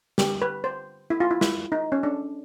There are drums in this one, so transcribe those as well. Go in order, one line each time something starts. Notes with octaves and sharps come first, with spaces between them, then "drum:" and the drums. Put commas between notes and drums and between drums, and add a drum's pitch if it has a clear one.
D3 G3 B3 G4, drum: snare
B4
C5
E4
F4
E4
E4, drum: snare
D#4
C#4
D4